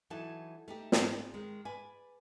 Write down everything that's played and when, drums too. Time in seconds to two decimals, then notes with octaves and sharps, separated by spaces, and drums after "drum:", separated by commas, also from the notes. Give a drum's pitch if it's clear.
0.10 E3 F#3 D#4 A4 F#5 A5
0.68 A3 D#4 G4
0.92 G#2 C4, drum: snare
1.34 D#3 G#3
1.65 B4 D5 G#5